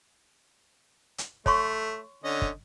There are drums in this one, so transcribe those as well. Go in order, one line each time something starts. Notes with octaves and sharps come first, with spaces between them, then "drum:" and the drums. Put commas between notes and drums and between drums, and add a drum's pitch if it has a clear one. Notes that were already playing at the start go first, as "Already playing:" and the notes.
drum: hi-hat
A3 C#5 C6 C#6, drum: kick
D3 C#4 D#5
drum: kick